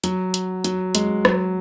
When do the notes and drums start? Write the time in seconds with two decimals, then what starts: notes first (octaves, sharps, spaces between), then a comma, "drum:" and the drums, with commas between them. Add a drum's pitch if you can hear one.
0.04 F#3, drum: hi-hat
0.34 drum: hi-hat
0.64 F#3, drum: hi-hat
0.95 G#3, drum: hi-hat
1.25 F#3, drum: rim click